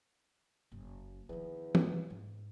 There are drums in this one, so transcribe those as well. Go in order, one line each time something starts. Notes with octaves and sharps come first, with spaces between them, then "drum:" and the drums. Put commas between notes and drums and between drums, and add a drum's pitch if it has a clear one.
F#1 C#3
E2 D#3 F3
drum: tom
G#2